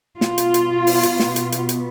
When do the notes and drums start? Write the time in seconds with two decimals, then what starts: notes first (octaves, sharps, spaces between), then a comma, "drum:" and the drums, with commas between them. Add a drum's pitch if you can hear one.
0.21 B2 B3 F4, drum: snare
0.38 drum: hi-hat
0.54 drum: hi-hat
0.87 drum: open hi-hat
1.03 drum: hi-hat
1.20 drum: snare
1.36 drum: hi-hat
1.52 drum: hi-hat
1.69 drum: hi-hat